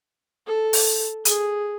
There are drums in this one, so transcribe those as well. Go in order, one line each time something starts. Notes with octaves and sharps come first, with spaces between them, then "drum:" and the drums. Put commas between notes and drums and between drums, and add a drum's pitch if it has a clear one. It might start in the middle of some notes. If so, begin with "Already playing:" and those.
A4
drum: open hi-hat
G#4, drum: hi-hat